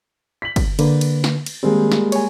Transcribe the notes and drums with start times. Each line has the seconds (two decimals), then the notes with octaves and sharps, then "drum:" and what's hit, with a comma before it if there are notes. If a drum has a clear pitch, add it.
0.42 B6 F#7
0.56 drum: kick, cymbal
0.79 D3 A#3 B4, drum: cymbal
1.01 drum: cymbal
1.24 drum: snare
1.46 drum: cymbal
1.63 D#3 G3 G#3 A#3 C4
1.92 drum: snare
2.12 C#5 G#5, drum: cymbal